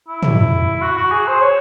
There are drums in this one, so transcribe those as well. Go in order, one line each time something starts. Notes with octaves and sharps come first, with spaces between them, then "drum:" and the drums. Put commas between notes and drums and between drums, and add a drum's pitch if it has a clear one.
E4
drum: tom
F#4
F#4
G#4
C5
C#5